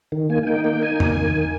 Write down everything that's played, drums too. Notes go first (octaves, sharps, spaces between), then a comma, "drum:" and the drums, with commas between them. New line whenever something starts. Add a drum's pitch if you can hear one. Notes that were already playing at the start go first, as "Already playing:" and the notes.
D#3
A#3 G#5
G#5
D#4 G5
A#3 G5
D#4 G#5
A#3, drum: tom E2
D#3